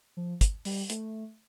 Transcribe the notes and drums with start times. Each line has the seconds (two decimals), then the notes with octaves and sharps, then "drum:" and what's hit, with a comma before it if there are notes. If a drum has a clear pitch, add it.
0.17 F3
0.41 drum: kick, hi-hat
0.65 G3, drum: open hi-hat
0.90 A3, drum: hi-hat